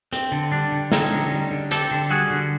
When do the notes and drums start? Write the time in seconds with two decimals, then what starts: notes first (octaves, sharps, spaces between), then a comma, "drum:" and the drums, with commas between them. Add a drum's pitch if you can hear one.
0.13 C4, drum: hi-hat
0.32 D3
0.52 G3 D4
0.72 D3
0.92 C4 C#4 D#4, drum: snare
1.12 D3
1.32 G3
1.51 D3
1.71 C4 G4 A4, drum: hi-hat
1.91 D3
2.10 G3 F#4 G#4
2.30 D3